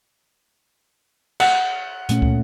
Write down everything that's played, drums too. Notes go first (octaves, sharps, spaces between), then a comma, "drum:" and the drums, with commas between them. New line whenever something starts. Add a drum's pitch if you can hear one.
F#5, drum: cymbal
A#2 A3 C#4, drum: hi-hat
drum: kick